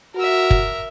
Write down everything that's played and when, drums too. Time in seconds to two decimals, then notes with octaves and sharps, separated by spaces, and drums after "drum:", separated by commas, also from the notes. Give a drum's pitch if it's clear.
0.16 F#4 A#4 E5
0.51 drum: kick